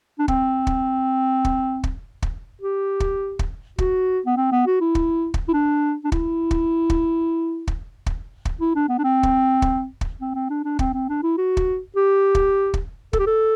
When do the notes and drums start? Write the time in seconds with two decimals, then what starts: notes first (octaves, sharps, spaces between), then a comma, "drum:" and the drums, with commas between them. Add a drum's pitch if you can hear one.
0.19 D4
0.28 C4, drum: kick
0.67 drum: kick
1.45 drum: kick
1.84 drum: kick
2.22 drum: kick
2.61 G4
3.00 drum: kick
3.39 drum: kick
3.78 F#4, drum: kick
4.26 B3
4.37 C4
4.52 B3
4.66 F#4
4.80 E4
4.95 drum: kick
5.34 drum: kick
5.48 E4
5.54 D4
6.04 D4
6.12 E4, drum: kick
6.51 drum: kick
6.90 drum: kick
7.68 drum: kick
8.06 drum: kick
8.45 drum: kick
8.60 E4
8.75 D4
8.89 B3
8.98 D4
9.04 C4
9.23 drum: kick
9.62 drum: kick
10.01 drum: kick
10.21 C4
10.35 C4
10.50 D4
10.64 D4
10.79 C4, drum: kick
10.94 C4
11.09 D4
11.23 E4
11.37 F#4
11.57 drum: kick
11.96 G4
12.35 drum: kick
12.74 drum: kick
13.13 A4, drum: kick
13.19 G4
13.26 A4